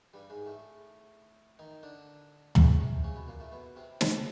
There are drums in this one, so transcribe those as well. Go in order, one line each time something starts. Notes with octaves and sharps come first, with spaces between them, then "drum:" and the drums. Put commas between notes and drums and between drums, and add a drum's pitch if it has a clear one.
G2 G3
G#2 G#3
A2 A3
D#3 D#4
D3 D4
C#3 C#4, drum: tom
C3 C4
C#3 C#4
B2 B3
A#2 A#3
A2 A3
B2 B3
C3 C4
B2 B3, drum: snare